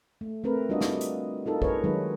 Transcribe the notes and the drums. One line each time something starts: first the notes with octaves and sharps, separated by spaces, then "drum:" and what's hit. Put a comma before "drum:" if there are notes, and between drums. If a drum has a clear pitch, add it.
A3
A3 C4 A#4 B4
G3 D4 F4 F#4 D#5
drum: snare
drum: hi-hat
D#4 F4 A4 A#4
G#4 A#4 B4 C#5, drum: kick A1
D#3 F#3 G#3 D#4 B4